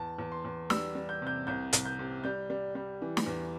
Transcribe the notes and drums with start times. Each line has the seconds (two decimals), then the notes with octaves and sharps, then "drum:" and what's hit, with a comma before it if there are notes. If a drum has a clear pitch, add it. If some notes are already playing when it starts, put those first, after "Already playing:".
Already playing: E2 A5
0.19 E2
0.32 C6
0.45 E2
0.70 G3 E6, drum: snare
0.95 G3
1.09 G6
1.22 C3 G6
1.47 C2 G6
1.73 C2, drum: hi-hat
1.85 G6
1.99 C3
2.24 G3 G6
2.50 G3
2.75 G3
3.02 E3
3.17 drum: snare
3.26 E2